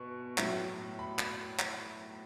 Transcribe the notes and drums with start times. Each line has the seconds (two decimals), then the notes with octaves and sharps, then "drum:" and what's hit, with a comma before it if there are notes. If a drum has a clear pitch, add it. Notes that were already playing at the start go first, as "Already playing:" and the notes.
Already playing: B2 C#6
0.38 A2 F#3 A3, drum: clap
0.99 B5
1.19 drum: clap
1.59 drum: clap